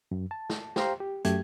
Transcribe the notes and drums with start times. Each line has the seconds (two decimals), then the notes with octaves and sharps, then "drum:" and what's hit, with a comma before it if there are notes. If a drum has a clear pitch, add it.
0.11 F#2
0.31 A5
0.50 drum: snare
0.76 G4 C5 F5 G5 A#5 C6, drum: snare
1.00 G4
1.24 F#2 A3 G4 G#6, drum: hi-hat